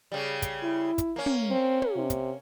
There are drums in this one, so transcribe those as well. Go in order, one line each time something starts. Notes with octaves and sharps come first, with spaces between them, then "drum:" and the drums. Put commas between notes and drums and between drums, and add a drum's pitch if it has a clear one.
C#3 G3
drum: kick, hi-hat
E4
drum: kick, hi-hat
A#3 C#4
drum: tom
C4
drum: tom
C3
drum: kick, hi-hat